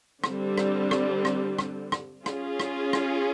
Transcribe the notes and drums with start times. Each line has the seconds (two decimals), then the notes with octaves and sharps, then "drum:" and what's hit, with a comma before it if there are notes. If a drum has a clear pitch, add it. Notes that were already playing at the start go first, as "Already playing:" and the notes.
0.24 D3 G3 C4, drum: rim click
0.58 drum: rim click
0.91 drum: rim click
1.25 drum: rim click
1.59 drum: rim click
1.92 drum: rim click
2.26 C#4 F4 G#4, drum: rim click
2.60 drum: rim click
2.93 drum: rim click